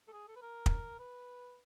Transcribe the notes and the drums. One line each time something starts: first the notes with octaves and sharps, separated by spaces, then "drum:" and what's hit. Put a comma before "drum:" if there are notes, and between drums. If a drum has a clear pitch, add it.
A4
G#4
A4
B4
A#4
drum: kick
B4